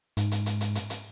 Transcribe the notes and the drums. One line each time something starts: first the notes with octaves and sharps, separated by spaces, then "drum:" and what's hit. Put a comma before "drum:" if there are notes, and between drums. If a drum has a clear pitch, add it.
G#2, drum: hi-hat
drum: hi-hat
drum: hi-hat
drum: hi-hat
drum: hi-hat
drum: hi-hat